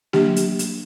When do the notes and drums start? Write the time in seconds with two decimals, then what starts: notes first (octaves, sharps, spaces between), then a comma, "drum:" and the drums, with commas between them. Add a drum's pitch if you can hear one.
0.13 F#3 A#3 D4 G4, drum: snare A3
0.36 drum: hi-hat
0.59 drum: hi-hat